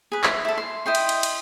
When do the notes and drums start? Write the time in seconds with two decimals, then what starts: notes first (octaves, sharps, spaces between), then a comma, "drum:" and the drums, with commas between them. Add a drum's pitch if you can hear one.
0.12 G#4 B4
0.24 E5, drum: clap
0.45 E4 A4
0.58 C6
0.86 E4 D#5 G5 C6
0.95 drum: cymbal
1.09 drum: cymbal
1.23 drum: cymbal